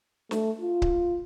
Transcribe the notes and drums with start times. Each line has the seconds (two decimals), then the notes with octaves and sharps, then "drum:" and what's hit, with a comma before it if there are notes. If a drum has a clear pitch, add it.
0.31 A3, drum: snare
0.61 F4
0.82 drum: kick C#1